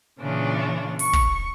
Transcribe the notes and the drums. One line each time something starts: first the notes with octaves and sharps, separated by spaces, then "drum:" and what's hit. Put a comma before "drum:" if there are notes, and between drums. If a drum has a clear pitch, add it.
A#2 C#3 E3 C#4 D4 F4
C#6, drum: open hi-hat
drum: kick